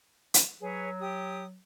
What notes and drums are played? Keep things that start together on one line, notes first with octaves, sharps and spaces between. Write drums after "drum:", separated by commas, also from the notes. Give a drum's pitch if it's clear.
drum: hi-hat
F#3 G#4 B4 C#5
G4 D#6